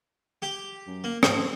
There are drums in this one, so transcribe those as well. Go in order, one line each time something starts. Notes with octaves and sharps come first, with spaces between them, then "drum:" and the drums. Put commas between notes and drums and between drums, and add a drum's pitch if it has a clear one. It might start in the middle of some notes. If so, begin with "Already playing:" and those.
G4 G5
F#2
A#3
C#3 C4, drum: rim click